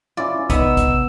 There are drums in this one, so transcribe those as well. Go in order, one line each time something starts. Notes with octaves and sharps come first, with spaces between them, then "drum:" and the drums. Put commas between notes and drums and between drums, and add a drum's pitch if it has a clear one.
C#4 E4 F4 D5
B3 D#4 E6, drum: kick G#1, hi-hat
drum: kick G#1, hi-hat